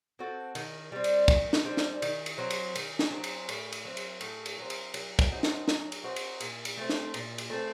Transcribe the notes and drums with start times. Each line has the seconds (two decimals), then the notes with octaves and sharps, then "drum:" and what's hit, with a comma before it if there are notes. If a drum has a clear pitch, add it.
0.19 C4 F#4 A4
0.55 D#3, drum: cymbal
0.92 G3 C4
1.04 drum: cymbal
1.28 D#3, drum: kick, cymbal
1.53 drum: snare
1.65 G3 C4
1.77 drum: snare
2.02 D#3, drum: cymbal
2.26 drum: cymbal
2.38 F#3 C4
2.50 drum: cymbal
2.75 D#3, drum: cymbal
2.99 drum: snare
3.11 F#3 C4
3.24 drum: cymbal
3.49 A2, drum: cymbal
3.72 drum: cymbal
3.85 F#3 C4
3.97 drum: cymbal
4.21 A2, drum: cymbal
4.46 drum: cymbal
4.58 F#3 C4
4.70 drum: cymbal
4.94 F#3, drum: cymbal
5.19 drum: kick, cymbal
5.31 C4 D#4 F#4
5.43 drum: snare
5.68 F#3, drum: snare
5.92 drum: cymbal
6.04 C4 D#4 F#4
6.16 drum: cymbal
6.40 A#2, drum: cymbal
6.65 drum: cymbal
6.77 A3 C4
6.89 drum: snare
7.14 A#2, drum: cymbal
7.38 drum: cymbal
7.50 A3 C4